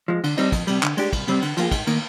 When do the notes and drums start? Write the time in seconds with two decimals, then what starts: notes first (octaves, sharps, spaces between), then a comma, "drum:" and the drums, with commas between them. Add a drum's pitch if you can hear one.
0.08 F3 G#3
0.24 D3, drum: cymbal
0.37 G3 C4 D#4, drum: cymbal
0.52 F2, drum: kick, cymbal
0.67 C3 G3, drum: cymbal
0.83 D3, drum: clap
0.97 G#3 D4 G4, drum: cymbal
1.13 C2, drum: kick, cymbal
1.28 C3 G3 C4, drum: cymbal
1.42 D3, drum: cymbal
1.57 F3 A#3 F4 G#4, drum: cymbal
1.71 G#2, drum: kick, cymbal
1.87 D#3 A#3, drum: cymbal